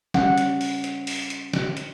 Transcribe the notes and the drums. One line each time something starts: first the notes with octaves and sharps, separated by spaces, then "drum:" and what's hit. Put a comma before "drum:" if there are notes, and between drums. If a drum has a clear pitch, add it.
G3 C#4 F#5, drum: snare
drum: hi-hat
drum: open hi-hat
drum: hi-hat
drum: open hi-hat
drum: hi-hat
drum: snare
drum: hi-hat